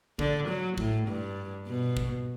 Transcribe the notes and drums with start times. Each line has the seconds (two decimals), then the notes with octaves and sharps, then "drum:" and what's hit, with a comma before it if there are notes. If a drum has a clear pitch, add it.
0.19 D3, drum: kick
0.49 F#3
0.78 A2, drum: kick
1.08 G2
1.67 B2
1.97 drum: kick